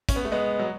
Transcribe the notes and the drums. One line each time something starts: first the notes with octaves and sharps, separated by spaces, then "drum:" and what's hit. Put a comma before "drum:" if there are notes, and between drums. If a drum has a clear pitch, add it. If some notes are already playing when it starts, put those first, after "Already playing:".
C#4, drum: kick, hi-hat
B3
A3
G#3 B3
F#3